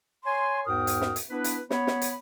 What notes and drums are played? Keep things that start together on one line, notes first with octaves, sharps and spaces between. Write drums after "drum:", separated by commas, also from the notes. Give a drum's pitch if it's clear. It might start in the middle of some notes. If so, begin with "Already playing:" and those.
C#5 G#5 C6
E2 G#2 F#4 A#4 G5 D#6
drum: hi-hat
drum: snare
drum: hi-hat
B3 D4 E4 B4
drum: hi-hat
B3 C#5 B5, drum: snare
drum: snare
drum: hi-hat